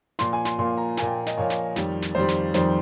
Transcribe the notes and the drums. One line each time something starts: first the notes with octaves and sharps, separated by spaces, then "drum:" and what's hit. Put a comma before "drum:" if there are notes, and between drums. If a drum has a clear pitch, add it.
A#2 F3 A#3 C6, drum: snare
G#5
C6, drum: snare
A#2 F3 A#3 C6
A#5
A#2 F3 A#3 G#5, drum: snare
G5
D#5, drum: snare
A#2 F3 A#3 C#5
drum: snare
F2 D#3 G3, drum: snare
drum: snare
F2 D#3 G3 C5
drum: snare
F2 D#3 G3 C5, drum: snare